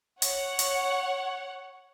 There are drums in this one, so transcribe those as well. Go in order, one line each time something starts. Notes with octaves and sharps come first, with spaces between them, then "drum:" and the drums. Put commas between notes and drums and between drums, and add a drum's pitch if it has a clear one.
C#5 F#5, drum: hi-hat
drum: hi-hat